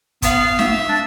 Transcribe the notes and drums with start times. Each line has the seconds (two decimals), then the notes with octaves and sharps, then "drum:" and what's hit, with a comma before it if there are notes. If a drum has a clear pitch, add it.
0.22 B3 F5, drum: kick, hi-hat
0.59 E5, drum: snare
0.89 D4